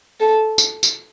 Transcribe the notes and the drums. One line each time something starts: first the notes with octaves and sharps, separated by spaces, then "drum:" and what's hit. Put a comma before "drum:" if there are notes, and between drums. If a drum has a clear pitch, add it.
A4
drum: tambourine
drum: tambourine